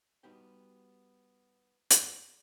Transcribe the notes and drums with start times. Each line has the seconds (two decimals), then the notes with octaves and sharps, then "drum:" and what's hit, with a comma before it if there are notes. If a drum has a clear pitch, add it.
0.23 G3 B3 D#4 F#4 G4 G5
1.90 drum: hi-hat